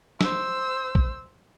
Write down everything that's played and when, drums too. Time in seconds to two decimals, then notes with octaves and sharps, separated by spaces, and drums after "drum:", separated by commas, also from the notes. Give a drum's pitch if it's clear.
0.21 C5 E6, drum: snare
0.95 drum: kick